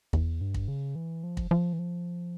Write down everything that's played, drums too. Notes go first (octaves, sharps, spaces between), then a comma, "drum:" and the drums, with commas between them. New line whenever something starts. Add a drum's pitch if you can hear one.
E2, drum: kick
G2
drum: kick
C#3
E3
F3
drum: kick
F3
E3
F3